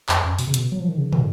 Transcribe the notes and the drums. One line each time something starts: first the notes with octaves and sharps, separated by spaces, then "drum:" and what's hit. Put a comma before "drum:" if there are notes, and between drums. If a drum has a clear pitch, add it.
F2, drum: clap
F#2
B2, drum: open hi-hat
C#3
B2, drum: hi-hat
F#3
F3
D#3
C#3
B2, drum: tom